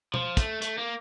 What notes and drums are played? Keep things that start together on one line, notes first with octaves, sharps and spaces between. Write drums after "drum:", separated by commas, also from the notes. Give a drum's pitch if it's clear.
F3, drum: tom B2
A3, drum: kick, hi-hat
A3, drum: hi-hat
A#3